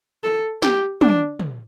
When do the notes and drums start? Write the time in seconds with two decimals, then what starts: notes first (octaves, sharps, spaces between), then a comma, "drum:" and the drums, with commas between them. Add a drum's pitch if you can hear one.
0.24 A4
0.62 G4, drum: snare
1.01 D4, drum: tom
1.39 drum: tom